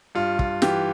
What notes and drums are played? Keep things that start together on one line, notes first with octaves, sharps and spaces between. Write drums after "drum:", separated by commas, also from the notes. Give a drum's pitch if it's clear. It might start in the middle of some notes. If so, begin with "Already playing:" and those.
G2 F4
F4, drum: kick
E3 G4, drum: snare